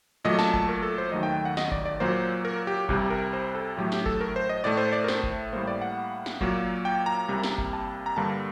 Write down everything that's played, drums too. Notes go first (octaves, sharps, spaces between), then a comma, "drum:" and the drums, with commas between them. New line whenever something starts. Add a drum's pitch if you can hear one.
A#2 F#3 A3 D#5
A5, drum: snare
A5, drum: kick G1
A#4
A4
C5
D#2 D#3 F#3 A3 D#5
G5
G5
F#5
D#5, drum: snare
D5, drum: kick G1
D5
A#2 F#3 A#3 C5
A#4
G4
C2 C3 G3 G4, drum: kick G1
A#4
C5
A4
A2 F#3 A3 G4
G4, drum: snare
A4, drum: kick G1
A#4
C5
D#5
A2 A3 D5
C5
D5
A#4
C5, drum: snare
drum: kick G1
A2 G3 A#3 C5
D5
F#5
drum: snare
A#2 F#3 A#3, drum: kick G1
G5
A#5
C2 C3 G3 A#3
drum: snare
drum: kick G1
A5
A#5
G2 D3 G3 A#3 A5